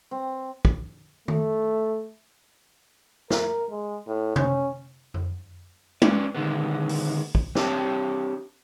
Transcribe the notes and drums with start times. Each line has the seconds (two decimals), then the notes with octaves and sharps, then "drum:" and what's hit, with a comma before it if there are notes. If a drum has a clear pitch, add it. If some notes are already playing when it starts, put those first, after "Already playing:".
0.11 C4
0.65 drum: kick
1.28 A3, drum: tom D#3
3.30 A#4, drum: snare
3.70 G#3
4.07 A2
4.36 C#4, drum: tom C3
5.14 drum: tom F2
6.02 C#4 D4 B4 D5, drum: tom
6.35 A#2 D3 D#3 G#3 B3
6.89 drum: open hi-hat
7.35 drum: kick
7.55 C4 D4 G4 C#5 E5 A5, drum: snare